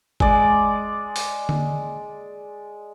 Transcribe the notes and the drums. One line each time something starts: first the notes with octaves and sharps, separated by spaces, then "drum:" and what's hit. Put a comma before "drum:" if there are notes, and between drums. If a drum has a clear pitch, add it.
G#3 D5, drum: kick G#1
drum: open hi-hat
drum: tom D3